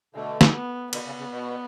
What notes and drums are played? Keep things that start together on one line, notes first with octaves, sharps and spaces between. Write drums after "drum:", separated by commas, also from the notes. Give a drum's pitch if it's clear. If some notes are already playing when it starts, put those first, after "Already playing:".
B2 D3 A3
drum: snare
B3
B2 D3 B3, drum: cymbal
C#3
C#3
B2